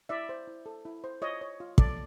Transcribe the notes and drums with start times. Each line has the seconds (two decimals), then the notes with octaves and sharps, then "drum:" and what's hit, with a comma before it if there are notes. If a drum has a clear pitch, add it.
0.09 E4 D5 E5
0.29 C5
0.47 E4
0.66 A4
0.85 E4
1.04 C5
1.22 F4 C#5 D#5
1.41 C#5
1.60 F4
1.78 A4 D5, drum: kick